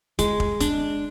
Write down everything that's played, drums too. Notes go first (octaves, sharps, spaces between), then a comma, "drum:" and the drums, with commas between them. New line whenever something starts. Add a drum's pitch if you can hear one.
G#3, drum: kick, hi-hat
drum: kick
D4, drum: kick, hi-hat